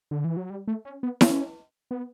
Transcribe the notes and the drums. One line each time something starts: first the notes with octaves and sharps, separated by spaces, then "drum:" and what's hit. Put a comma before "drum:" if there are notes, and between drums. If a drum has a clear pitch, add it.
D3
E3
F#3
G3
A3
C#4
B3
C#4, drum: snare E4
B3